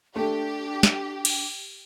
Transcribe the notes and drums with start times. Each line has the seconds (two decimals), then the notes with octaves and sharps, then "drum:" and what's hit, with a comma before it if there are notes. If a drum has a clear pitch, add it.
0.16 A3 D4 G4
0.83 drum: snare
1.25 drum: cymbal